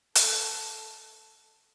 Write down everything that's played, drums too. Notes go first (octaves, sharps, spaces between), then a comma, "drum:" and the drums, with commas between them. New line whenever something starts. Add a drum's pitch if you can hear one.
A4, drum: hi-hat